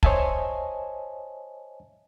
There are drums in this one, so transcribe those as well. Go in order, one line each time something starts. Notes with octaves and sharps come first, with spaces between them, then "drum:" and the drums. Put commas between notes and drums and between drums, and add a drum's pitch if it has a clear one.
C5 C#5 D#5 E5 G#5 A5, drum: kick